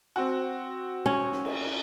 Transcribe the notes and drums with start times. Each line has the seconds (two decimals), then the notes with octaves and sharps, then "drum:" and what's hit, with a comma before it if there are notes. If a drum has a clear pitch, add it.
0.16 C4 F#4
1.06 C#4
1.32 drum: snare
1.45 drum: cymbal